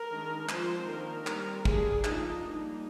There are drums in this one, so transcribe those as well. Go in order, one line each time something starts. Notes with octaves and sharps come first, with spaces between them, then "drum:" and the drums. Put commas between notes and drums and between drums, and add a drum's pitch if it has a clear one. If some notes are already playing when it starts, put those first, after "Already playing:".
Already playing: A#4
D#3 G#3 D4
F3 G#3 C4 C5, drum: clap
D#3 A#3 D4 A#4
G3 C4, drum: clap
D3 G3 D4 G#4, drum: kick
F3 A#3 D4 D#4, drum: clap
G3 A#3 D4 D#4